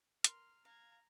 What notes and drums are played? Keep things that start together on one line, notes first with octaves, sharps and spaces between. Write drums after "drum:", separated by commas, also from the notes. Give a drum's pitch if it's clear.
A#4 C6 F6, drum: hi-hat
F5 A#5 G#6